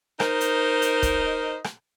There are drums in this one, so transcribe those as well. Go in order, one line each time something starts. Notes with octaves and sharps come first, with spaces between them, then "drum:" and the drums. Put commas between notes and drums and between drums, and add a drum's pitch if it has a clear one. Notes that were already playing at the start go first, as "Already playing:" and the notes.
D#4 A#4 C5 D#5, drum: rim click
drum: hi-hat
drum: hi-hat
drum: kick, hi-hat
drum: rim click